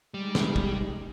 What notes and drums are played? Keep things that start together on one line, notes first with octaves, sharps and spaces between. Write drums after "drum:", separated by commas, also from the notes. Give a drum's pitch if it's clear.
G3 G#3 D#4
drum: snare
drum: kick